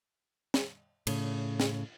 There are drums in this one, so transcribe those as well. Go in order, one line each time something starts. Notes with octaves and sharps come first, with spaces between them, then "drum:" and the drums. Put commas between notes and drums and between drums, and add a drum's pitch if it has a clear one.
drum: snare
A2 C#3, drum: cymbal
drum: snare